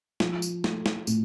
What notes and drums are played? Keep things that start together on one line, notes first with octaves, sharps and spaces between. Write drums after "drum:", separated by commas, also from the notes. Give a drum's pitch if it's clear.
F3, drum: snare
drum: tambourine
A3, drum: snare
drum: snare
A2, drum: tambourine